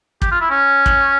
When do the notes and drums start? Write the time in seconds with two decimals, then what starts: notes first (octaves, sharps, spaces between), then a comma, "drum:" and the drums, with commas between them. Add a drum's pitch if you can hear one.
0.22 G4, drum: kick
0.31 F4
0.41 E4
0.50 C#4
0.86 drum: kick